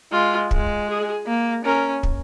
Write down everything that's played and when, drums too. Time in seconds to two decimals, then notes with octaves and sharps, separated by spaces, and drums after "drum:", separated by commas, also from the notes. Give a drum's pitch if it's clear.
0.12 G#3 F4
0.51 G#3, drum: kick
0.88 G#4
1.27 A#3
1.65 C#4 A#4
2.03 drum: kick